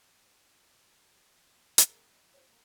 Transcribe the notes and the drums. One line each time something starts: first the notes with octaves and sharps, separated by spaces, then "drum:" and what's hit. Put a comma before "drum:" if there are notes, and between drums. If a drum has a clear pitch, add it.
drum: hi-hat
C#4 G4 G#4 A#4 A#5
D#3 F#3 E4
C4 C#4 F4 G4 C5 C#5
A#3 A#4 A#5